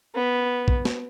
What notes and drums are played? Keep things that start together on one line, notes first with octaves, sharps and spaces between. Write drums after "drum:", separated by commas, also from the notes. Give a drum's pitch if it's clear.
B3
drum: kick A#1
drum: snare